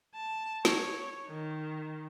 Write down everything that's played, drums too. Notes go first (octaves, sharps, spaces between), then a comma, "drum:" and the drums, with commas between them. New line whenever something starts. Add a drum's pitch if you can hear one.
A5
C#5, drum: snare
D#3